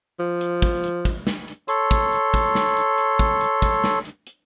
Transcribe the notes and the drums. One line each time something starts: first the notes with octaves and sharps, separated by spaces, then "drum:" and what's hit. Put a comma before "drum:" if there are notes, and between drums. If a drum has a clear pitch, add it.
F3
drum: hi-hat
drum: kick, hi-hat
drum: hi-hat
drum: kick, hi-hat
drum: snare
drum: hi-hat
A4 C#5 C6, drum: hi-hat
drum: kick, hi-hat
drum: hi-hat
drum: kick, hi-hat
drum: snare
drum: hi-hat
drum: hi-hat
drum: kick, hi-hat
drum: hi-hat
drum: kick, hi-hat
drum: snare
drum: hi-hat
drum: hi-hat